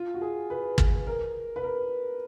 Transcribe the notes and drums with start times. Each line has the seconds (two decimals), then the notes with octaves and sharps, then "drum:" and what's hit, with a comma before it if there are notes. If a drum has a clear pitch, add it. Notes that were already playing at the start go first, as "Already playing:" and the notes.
Already playing: F4
0.14 F#4
0.21 G#4
0.50 B4
0.78 B4, drum: kick
1.07 A#4
1.56 B4
1.64 A#4